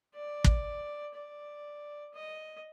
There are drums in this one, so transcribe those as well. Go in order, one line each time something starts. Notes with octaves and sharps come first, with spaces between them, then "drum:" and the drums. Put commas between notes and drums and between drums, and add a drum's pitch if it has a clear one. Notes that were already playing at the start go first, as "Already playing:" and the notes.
D5
drum: kick
D5
D#5